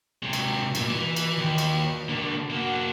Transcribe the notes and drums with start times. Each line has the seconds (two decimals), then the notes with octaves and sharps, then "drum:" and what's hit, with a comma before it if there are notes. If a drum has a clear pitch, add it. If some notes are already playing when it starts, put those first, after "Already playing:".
0.23 C3 G#3
0.33 drum: cymbal
0.75 G2 A#2, drum: cymbal
0.89 E3
1.16 drum: cymbal
1.38 D#2
1.58 drum: cymbal
2.09 D3 A#3
2.50 A#3 F#4